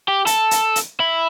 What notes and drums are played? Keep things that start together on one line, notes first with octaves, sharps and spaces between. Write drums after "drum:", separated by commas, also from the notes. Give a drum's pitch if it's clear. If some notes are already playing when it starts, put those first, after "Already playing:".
G4
A4, drum: hi-hat
drum: hi-hat
drum: hi-hat
E4